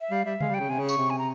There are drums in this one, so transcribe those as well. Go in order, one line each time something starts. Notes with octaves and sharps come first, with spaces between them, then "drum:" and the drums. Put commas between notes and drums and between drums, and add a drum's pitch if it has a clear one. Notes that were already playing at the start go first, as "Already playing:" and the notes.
E5
G3 F5
G3 E5
G#3 F5, drum: tom C#3
G3
G5
C#3
C3 G#5
C#3
C#6, drum: tambourine
C3
G#5
A#5